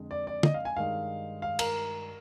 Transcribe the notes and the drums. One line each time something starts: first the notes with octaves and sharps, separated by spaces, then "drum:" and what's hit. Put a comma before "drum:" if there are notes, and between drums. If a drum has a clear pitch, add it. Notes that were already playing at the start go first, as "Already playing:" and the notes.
Already playing: F2 D3 G#3
D5
D5
D#5, drum: tom
F5
G#5
G2 D#3 G#3 F5
F5
A#4, drum: cymbal